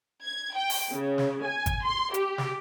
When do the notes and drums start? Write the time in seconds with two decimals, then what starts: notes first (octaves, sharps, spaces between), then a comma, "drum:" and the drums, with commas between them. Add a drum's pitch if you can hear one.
0.23 G#6
0.55 G5
0.70 drum: open hi-hat
0.91 C#3
1.18 drum: snare
1.44 G#5
1.66 drum: kick G#1, hi-hat
1.85 C6
2.14 G4, drum: hi-hat
2.38 drum: snare